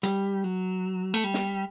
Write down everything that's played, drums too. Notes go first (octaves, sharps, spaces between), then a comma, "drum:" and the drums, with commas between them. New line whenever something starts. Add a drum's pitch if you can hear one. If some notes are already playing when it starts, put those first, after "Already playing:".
G3, drum: hi-hat
F#3
A3
G3
drum: snare